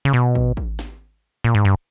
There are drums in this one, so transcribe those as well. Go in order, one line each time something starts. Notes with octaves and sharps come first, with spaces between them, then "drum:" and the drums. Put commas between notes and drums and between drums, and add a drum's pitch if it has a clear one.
C#3
B2
drum: kick
drum: kick
drum: snare
A#2
G#2
G2